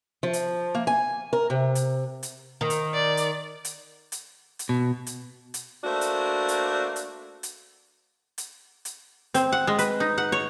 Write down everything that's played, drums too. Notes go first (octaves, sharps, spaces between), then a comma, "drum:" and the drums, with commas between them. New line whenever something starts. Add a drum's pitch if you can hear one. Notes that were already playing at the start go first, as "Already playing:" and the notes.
F3
drum: hi-hat
A#3
G#5
A#4
C3
drum: hi-hat
drum: hi-hat
D#3
drum: hi-hat
D5
drum: hi-hat
drum: hi-hat
drum: hi-hat
drum: hi-hat
B2
drum: hi-hat
drum: hi-hat
A3 A#3 D4 F#4 C5
drum: hi-hat
drum: hi-hat
drum: hi-hat
drum: hi-hat
drum: hi-hat
drum: hi-hat
C4, drum: hi-hat
F#5
G#3
B4, drum: hi-hat
D#4
F#5
C#5